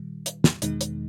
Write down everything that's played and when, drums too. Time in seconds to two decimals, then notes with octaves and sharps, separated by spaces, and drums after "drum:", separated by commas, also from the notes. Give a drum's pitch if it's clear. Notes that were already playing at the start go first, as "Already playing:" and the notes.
Already playing: A#2 D#3 G3
0.26 drum: hi-hat
0.44 drum: snare
0.62 E2 B2 D#3 G#3 D#4, drum: hi-hat
0.81 drum: hi-hat